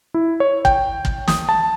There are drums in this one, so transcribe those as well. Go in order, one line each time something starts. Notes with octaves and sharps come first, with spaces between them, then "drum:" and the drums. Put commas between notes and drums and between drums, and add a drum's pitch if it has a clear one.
E4
C#5
G5, drum: kick
drum: kick
D#6, drum: snare
A5